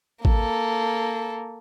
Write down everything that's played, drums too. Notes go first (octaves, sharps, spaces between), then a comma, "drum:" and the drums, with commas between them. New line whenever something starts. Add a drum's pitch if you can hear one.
A#3 A4, drum: kick G#1